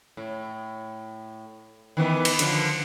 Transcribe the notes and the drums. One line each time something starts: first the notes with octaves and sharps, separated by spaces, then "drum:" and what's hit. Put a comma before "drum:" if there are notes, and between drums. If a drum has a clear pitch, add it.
A2
D#3 E3 B3
drum: cymbal
D3 F3, drum: hi-hat